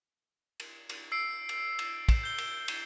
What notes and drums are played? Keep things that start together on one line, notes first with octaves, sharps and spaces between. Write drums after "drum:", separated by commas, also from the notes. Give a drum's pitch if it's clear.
drum: cymbal
drum: cymbal
E6 C7 D7
drum: cymbal
drum: cymbal
drum: kick, cymbal
G6 G7
drum: cymbal
drum: cymbal